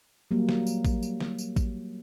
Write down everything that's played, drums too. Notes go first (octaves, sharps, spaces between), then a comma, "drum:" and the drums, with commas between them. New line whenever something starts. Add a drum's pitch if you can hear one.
F#3 G3 A#3
drum: snare
drum: tambourine
drum: kick, tambourine
drum: tambourine
drum: snare
drum: tambourine
drum: kick, tambourine